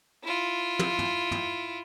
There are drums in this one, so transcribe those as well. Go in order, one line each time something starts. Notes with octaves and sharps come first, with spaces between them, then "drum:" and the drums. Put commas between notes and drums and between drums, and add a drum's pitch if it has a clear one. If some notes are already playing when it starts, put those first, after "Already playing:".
E4 F4
drum: tom
drum: tom
drum: tom